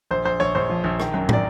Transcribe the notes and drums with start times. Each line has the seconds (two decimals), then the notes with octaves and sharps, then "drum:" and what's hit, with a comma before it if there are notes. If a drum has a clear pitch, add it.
0.11 A#1 C5
0.25 A#1 C5
0.40 A#1 C#5
0.55 A#1 C5
0.70 F3
0.84 A#1
1.00 D#3, drum: rim click
1.14 F#2
1.29 D#3 D5, drum: tom